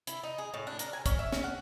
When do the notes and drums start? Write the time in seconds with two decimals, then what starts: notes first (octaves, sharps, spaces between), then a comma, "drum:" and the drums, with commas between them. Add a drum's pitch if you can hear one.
0.07 E4, drum: hi-hat
0.23 D#4
0.38 G#4
0.54 A2
0.67 D4
0.79 A#4, drum: hi-hat
0.93 G#5
1.06 C#4, drum: kick, hi-hat
1.19 E5
1.32 C#4, drum: snare
1.44 F#5